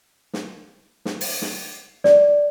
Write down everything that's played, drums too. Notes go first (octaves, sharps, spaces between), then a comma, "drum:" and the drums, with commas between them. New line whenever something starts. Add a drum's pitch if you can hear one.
drum: snare
drum: snare
drum: open hi-hat
drum: snare
D5, drum: snare